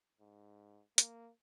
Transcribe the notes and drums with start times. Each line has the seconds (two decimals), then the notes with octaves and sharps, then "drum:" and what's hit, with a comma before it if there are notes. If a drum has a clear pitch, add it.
0.21 G#2
0.98 A#3, drum: hi-hat